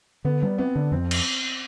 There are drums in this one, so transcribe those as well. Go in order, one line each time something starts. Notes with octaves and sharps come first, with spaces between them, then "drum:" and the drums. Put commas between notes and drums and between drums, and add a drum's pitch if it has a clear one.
D3 B3
G3 B3
B3 C4
D3
F2 C4
drum: cymbal